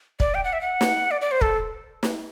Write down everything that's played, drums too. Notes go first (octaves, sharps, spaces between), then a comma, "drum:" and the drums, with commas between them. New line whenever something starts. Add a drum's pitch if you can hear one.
D5, drum: kick
G5
F#5
E5
F#5
drum: snare
D5
D5
C5
A4, drum: kick
drum: snare